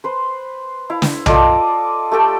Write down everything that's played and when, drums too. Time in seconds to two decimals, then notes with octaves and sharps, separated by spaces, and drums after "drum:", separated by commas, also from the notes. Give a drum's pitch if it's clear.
0.04 B4 C5
0.90 E4 F5
1.02 drum: snare
1.26 F4 A4 D5 D#5, drum: tom B1
2.12 A3 G4 A4 G5